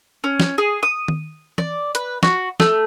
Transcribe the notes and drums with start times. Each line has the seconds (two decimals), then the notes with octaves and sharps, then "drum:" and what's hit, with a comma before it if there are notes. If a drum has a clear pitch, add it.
0.24 C#4
0.40 drum: snare
0.58 G#4
0.83 D#6
1.08 drum: tom D#3
1.58 D5, drum: tom E3
1.95 B4, drum: hi-hat
2.23 F#4, drum: snare
2.60 A3, drum: snare